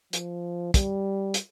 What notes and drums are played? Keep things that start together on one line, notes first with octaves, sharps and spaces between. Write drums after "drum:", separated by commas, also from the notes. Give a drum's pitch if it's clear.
F3, drum: hi-hat
G3, drum: kick, hi-hat
drum: hi-hat